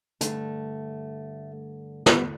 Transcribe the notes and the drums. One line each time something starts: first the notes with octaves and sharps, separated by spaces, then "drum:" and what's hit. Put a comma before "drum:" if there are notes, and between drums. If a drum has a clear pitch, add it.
G2 D3 A3, drum: hi-hat
D2 D3 G3 B3, drum: snare